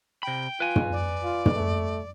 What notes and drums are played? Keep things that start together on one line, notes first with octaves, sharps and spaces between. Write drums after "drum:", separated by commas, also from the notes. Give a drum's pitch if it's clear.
C3 G5 B5
F4 B4 G#5
drum: tom
D5
F4
drum: tom
A3